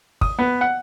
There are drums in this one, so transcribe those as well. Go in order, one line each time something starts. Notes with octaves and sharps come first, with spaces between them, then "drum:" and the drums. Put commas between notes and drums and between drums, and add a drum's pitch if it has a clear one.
D#6, drum: kick
B3
F#5